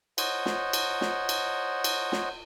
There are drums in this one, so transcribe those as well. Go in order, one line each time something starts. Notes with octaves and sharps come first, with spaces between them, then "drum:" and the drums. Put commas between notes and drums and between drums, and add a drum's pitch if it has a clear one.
C5 C#5 D#5 F#5, drum: cymbal
drum: snare
drum: cymbal
drum: snare
drum: cymbal
drum: cymbal
drum: snare